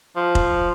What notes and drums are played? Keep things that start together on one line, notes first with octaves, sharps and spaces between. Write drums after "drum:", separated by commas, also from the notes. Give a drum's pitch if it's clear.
F3
drum: kick F1